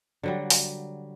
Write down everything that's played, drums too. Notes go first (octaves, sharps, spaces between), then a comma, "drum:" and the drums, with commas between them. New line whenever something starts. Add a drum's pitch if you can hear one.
D3 F#3 G3
drum: open hi-hat